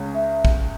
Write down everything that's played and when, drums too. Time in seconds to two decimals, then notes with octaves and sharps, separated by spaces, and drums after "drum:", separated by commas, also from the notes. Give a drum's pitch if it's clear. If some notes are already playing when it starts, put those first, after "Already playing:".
Already playing: C#2 C#3 G#3 C#4
0.15 E5
0.45 drum: kick